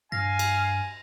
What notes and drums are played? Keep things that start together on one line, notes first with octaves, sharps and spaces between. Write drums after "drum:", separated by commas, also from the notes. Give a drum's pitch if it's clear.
G2 F5 G#5 A#6
drum: cymbal